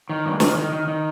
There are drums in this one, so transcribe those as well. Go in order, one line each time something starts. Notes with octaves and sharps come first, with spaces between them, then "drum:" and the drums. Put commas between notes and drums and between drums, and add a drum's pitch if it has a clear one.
D#3
G2
D#3, drum: snare
D#3
D#3
D#3